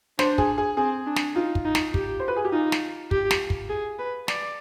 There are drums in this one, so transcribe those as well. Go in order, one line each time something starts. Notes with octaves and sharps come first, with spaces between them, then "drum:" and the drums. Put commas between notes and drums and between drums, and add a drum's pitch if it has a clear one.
D4 C5, drum: snare
G#4, drum: kick
G#4
C4 G#4
D4
drum: snare
D#4 F4
drum: kick
D#4
drum: snare
G4, drum: kick
C5
B4
G#4
G4
D#4 F4
drum: snare
G4, drum: kick
drum: snare
drum: kick
G#4
B4
D5, drum: snare